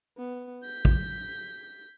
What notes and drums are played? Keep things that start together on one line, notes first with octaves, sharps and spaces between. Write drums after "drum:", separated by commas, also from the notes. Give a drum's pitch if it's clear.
B3
G6 B6
drum: kick